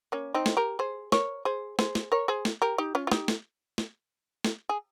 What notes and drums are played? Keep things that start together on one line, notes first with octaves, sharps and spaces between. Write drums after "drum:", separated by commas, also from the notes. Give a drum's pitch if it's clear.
A#3 C#4
C4 D#4
drum: snare
G4 A#4
G#4 C5
A#4 C#5, drum: snare
G#4 C5
G#4 C5, drum: snare
drum: snare
A#4 C#5
G#4 C5
drum: snare
G4 A#4
D#4 G4
C#4 F4
F4
D#4 G4, drum: snare
drum: snare
drum: snare
drum: snare
G#4